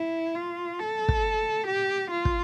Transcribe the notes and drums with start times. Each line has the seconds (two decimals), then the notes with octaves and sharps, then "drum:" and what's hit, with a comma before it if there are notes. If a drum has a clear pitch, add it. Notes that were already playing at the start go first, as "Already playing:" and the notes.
Already playing: E4
0.35 F4
0.79 A4
1.08 drum: kick
1.67 G4
2.11 F4
2.25 drum: kick